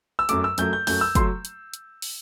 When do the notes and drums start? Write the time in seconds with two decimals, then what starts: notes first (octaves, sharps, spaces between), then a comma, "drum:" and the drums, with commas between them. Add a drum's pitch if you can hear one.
0.19 E6
0.29 F#2 F#3 A3 D6, drum: hi-hat
0.44 E6
0.58 F#2 F#3 A3 G6, drum: hi-hat
0.73 G6
0.87 F#2 F#3 A3 G6, drum: open hi-hat
1.01 E6
1.15 F#3 A3 C6, drum: kick, hi-hat
1.45 drum: hi-hat
1.74 drum: hi-hat
2.02 drum: open hi-hat